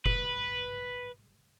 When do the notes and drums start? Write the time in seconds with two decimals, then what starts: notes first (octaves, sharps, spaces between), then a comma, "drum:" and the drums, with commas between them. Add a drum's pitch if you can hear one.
0.06 B4, drum: kick F1